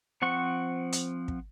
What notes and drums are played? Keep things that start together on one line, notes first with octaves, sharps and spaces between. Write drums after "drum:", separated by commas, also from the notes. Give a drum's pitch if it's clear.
F3 C4 F#5 C#6
drum: hi-hat
drum: kick